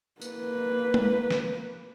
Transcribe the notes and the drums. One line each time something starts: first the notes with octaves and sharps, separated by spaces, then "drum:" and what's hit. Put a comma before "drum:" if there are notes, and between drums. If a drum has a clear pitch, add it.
A#3 B4, drum: tambourine
drum: tom G#3
drum: snare